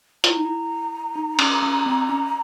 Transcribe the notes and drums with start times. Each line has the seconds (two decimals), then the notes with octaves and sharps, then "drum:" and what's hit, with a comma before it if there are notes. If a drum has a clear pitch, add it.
0.24 F4 A#5, drum: hi-hat
0.30 E4
0.37 D#4
0.45 E4
1.16 D#4
1.39 C#4, drum: cymbal
1.62 C#4
1.86 C4
2.09 C#4